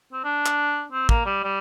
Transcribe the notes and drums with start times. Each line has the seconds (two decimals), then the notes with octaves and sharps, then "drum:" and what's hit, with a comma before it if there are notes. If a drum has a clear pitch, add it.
0.13 C4
0.24 D4
0.46 drum: clap
0.92 C4
1.09 A#3, drum: kick
1.26 G3
1.43 G3